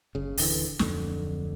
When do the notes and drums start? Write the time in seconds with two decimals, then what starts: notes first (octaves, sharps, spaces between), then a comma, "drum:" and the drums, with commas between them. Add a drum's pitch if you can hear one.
0.15 F#1 C#3
0.38 D1 D3 E3, drum: open hi-hat
0.79 D1 F2 D3, drum: snare